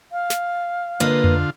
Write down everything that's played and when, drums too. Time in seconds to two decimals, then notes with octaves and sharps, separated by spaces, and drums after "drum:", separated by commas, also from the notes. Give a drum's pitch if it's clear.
0.12 F5
0.30 drum: snare
1.00 D3 A#3 F4 B4 D#5
1.24 drum: tom F2